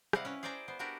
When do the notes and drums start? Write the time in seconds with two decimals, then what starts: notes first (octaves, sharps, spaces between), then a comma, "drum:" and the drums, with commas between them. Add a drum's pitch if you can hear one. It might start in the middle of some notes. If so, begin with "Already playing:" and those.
0.13 C3 G3 E4 D#5 F5 F#5, drum: rim click
0.25 C#4 E4 B4
0.43 G#4 C5 D5 G5 G#5 A#5
0.68 B3 C5
0.79 B3 D4 F#4 G4 A#4